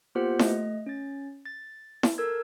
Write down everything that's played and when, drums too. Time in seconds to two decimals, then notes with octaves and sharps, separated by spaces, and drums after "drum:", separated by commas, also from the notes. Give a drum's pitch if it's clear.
0.15 A#3 B3 F4 G4 C5 F#5
0.39 A3 D#5, drum: snare E4
0.86 C#4 A6
1.46 A6
2.03 drum: snare E4
2.18 A4 A#4 E6 G#6